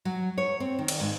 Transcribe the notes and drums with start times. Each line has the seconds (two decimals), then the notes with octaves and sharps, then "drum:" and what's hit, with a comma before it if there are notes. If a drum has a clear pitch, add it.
0.05 F#3
0.38 C#5
0.60 C4
0.79 D#3
0.88 drum: cymbal
1.00 G#2